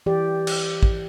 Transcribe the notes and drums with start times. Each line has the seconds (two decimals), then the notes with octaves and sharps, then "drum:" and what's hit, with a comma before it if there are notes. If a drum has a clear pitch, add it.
0.06 E3 G4 D5
0.47 drum: cymbal
0.83 drum: kick